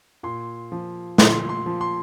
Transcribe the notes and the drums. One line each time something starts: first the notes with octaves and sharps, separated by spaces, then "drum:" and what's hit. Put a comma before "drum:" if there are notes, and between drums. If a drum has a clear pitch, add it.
A#2 C6
F3
A#2 C6, drum: snare
C6
F3
C6